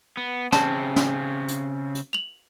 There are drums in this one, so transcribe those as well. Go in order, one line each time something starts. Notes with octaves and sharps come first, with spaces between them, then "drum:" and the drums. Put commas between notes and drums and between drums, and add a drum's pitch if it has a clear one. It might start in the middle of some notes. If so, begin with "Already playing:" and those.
B3
C#3 C4 A5, drum: snare
drum: snare
drum: hi-hat
drum: hi-hat
F7 F#7